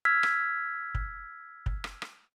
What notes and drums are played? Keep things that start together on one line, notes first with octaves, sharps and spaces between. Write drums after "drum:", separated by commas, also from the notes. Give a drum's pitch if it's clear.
E6 F6 G#6 B6
drum: rim click
drum: kick
drum: kick
drum: rim click
drum: rim click